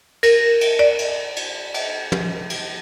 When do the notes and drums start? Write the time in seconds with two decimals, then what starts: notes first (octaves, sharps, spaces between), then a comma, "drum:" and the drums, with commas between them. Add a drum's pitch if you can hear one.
0.23 A#4, drum: cymbal
0.61 drum: cymbal
0.79 D5
0.99 drum: cymbal
1.36 drum: cymbal
1.74 drum: cymbal
2.12 drum: tom
2.50 drum: cymbal